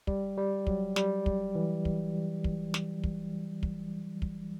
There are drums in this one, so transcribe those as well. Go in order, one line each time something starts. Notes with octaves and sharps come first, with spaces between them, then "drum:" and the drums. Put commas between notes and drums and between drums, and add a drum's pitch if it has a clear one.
G3, drum: kick
G3
F#3, drum: kick
G3, drum: snare
drum: kick
E3
drum: kick
drum: kick
drum: snare
drum: kick
drum: kick
drum: kick